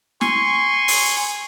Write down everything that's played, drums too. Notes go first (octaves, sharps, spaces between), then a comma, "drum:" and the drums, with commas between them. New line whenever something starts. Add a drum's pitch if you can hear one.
G#5 C6 C#6, drum: snare
drum: open hi-hat